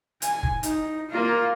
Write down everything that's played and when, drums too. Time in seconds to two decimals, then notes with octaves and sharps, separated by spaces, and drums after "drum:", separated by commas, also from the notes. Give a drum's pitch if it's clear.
0.22 G#5, drum: hi-hat
0.43 drum: kick F1
0.63 D#4, drum: hi-hat
1.10 A#3 F4